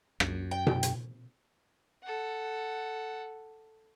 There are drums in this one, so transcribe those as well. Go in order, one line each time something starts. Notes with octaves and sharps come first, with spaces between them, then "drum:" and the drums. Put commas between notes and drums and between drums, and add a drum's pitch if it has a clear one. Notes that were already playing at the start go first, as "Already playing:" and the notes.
F#2, drum: rim click
G5
drum: tom B2
drum: hi-hat
A4 F#5